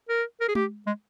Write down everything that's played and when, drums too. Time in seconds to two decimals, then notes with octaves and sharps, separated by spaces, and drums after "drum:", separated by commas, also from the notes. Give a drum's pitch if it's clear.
0.09 A#4
0.41 A#4
0.48 G#4
0.55 G4, drum: tom G#3
0.87 G#3